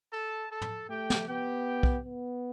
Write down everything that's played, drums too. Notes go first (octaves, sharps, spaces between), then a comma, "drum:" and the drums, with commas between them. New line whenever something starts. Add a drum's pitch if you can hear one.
A4 A5
A4 A5
drum: tom
A3 G4 G5
drum: snare
B3 G4 G5
drum: kick
B3